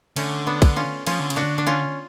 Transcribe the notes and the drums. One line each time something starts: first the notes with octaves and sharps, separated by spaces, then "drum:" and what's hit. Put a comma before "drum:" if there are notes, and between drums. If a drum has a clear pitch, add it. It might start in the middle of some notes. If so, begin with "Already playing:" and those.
D3 A3 C#4, drum: cymbal
B3 D4
drum: kick, cymbal
C#4 F4
F3 C#4 F4, drum: cymbal
D3
C#3, drum: cymbal
D4 F#4
D3
D4
C#4 F4